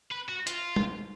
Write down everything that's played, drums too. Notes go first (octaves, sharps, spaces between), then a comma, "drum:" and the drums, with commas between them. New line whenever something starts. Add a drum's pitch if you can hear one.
B4
F#4
F4, drum: hi-hat
drum: tom